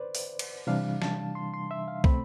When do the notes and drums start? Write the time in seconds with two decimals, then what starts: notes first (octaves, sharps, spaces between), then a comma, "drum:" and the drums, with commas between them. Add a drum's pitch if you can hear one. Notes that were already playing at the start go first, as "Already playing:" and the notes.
Already playing: B4 C5 D5
0.15 drum: open hi-hat
0.39 drum: cymbal
0.67 C3 E3 G3 D4 F5
1.02 A5, drum: snare
1.35 C6
1.54 C6
1.71 E5
1.88 F5
2.04 B2 A3 C4 B5, drum: kick